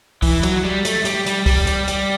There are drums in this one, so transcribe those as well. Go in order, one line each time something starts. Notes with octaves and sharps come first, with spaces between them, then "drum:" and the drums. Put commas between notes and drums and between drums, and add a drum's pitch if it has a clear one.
E3, drum: kick, open hi-hat
F#3, drum: hi-hat
G3
A3, drum: hi-hat
G3, drum: hi-hat
G3, drum: hi-hat
G3, drum: kick, open hi-hat
G3, drum: hi-hat
G3, drum: hi-hat